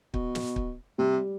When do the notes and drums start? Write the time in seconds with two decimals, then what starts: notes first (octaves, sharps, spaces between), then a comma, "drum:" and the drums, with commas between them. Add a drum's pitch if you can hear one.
0.14 B2, drum: kick
0.35 drum: snare
0.56 drum: kick
0.98 C3 G3